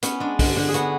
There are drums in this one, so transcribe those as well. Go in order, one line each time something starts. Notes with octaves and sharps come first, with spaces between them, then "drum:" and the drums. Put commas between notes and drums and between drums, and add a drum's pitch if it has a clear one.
B3 C#4, drum: hi-hat
G#3 D4
D3, drum: kick, open hi-hat
D3 D4
G#4
B3 F#4, drum: hi-hat